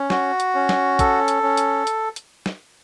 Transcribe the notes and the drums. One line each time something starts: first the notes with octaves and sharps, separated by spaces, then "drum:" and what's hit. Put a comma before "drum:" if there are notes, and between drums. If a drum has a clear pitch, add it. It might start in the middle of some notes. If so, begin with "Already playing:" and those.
Already playing: C#4
F#4, drum: snare
drum: hi-hat
C#4
drum: snare
A4, drum: kick, hi-hat
drum: hi-hat
C#4
drum: hi-hat
drum: hi-hat
drum: hi-hat
drum: snare